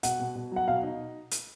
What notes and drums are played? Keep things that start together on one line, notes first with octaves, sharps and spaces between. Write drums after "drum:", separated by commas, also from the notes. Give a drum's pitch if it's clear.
B2 F#5, drum: hi-hat
B2
B2
F#3 F#5
B2 F5
D#4
drum: hi-hat